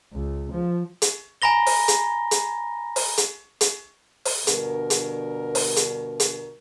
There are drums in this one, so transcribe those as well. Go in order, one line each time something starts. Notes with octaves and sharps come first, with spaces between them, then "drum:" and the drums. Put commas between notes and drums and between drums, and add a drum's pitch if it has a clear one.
C#2
F3
drum: hi-hat
G#5 A#5 B5 A#6 G7
drum: open hi-hat
drum: hi-hat
drum: hi-hat
drum: open hi-hat
drum: hi-hat
drum: hi-hat
drum: open hi-hat
G2 B2 D3 A#4, drum: hi-hat
drum: hi-hat
drum: open hi-hat
drum: hi-hat
drum: hi-hat